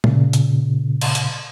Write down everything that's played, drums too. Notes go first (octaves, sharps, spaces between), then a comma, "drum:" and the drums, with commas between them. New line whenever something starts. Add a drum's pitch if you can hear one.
A#2 C#3, drum: tom
drum: hi-hat
drum: cymbal
drum: hi-hat